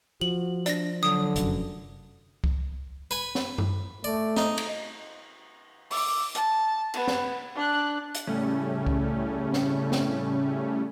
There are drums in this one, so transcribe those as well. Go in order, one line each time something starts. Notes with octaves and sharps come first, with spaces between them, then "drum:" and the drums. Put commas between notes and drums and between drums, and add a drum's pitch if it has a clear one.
F3 F#4 F#7
D4 D5 A#6, drum: hi-hat
D3 F#3 D#6
F1 F#2, drum: hi-hat
drum: kick C2
B4 G#5
drum: snare
drum: tom F#2
A3 D5
D#4, drum: snare
drum: cymbal
D6 E6, drum: open hi-hat
A5, drum: hi-hat
B3, drum: cymbal
drum: snare
D4 F#6
drum: hi-hat
A2 C#3 G3 A3 C#4
drum: kick C2
drum: snare
drum: snare